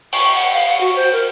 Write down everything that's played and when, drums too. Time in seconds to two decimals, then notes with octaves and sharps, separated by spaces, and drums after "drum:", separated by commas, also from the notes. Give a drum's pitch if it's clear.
0.13 C#6, drum: open hi-hat
0.35 F#5
0.53 F5
0.68 F#5
0.81 F#4
0.96 C5
1.13 A#4